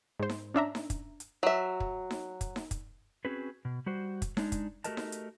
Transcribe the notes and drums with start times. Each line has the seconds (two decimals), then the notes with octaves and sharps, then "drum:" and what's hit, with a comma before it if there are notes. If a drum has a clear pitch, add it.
0.19 G#2 C5
0.29 drum: snare D#4
0.54 C#4 D4 E5 A#5
0.75 drum: snare D#4
0.90 drum: kick, hi-hat
1.20 drum: hi-hat
1.43 F#3 E5
1.80 drum: kick
2.11 drum: snare D#4
2.41 drum: kick, hi-hat
2.56 drum: snare D#4
2.71 drum: kick, hi-hat
3.25 C4 C#4 F#4 G#4 B4
3.65 B2
3.86 G3 F#4 C5
4.22 drum: kick, hi-hat
4.37 G#3 D4 D#4, drum: snare D#4
4.52 drum: kick, hi-hat
4.84 A3 F#4 G4 A#4 D#5 A5, drum: hi-hat
4.97 drum: snare D#4
5.12 drum: hi-hat